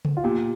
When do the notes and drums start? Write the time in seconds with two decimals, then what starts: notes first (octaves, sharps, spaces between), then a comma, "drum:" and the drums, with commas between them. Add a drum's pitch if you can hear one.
0.05 drum: tom C#3
0.17 F4
0.24 A#2 G4